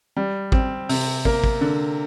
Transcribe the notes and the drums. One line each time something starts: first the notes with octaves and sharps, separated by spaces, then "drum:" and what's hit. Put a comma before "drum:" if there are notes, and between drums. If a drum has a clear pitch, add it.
G3
C4, drum: kick
C3, drum: open hi-hat
A#3, drum: kick
drum: kick
D3